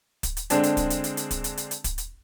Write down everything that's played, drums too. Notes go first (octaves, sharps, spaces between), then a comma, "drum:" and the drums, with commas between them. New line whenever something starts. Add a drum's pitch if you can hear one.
drum: kick, hi-hat
drum: hi-hat
D3 G#3 C4 D4 G#4, drum: hi-hat
drum: hi-hat
drum: kick, hi-hat
drum: hi-hat
drum: hi-hat
drum: hi-hat
drum: kick, hi-hat
drum: hi-hat
drum: hi-hat
drum: hi-hat
drum: kick, hi-hat
drum: hi-hat